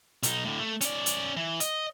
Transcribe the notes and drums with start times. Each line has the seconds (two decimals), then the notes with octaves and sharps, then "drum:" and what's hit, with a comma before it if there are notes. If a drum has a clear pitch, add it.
0.23 B1 D#4, drum: hi-hat
0.45 A2 D3
0.60 A3
0.81 C#4 D5, drum: hi-hat
1.06 drum: hi-hat
1.37 E3
1.60 D#5, drum: hi-hat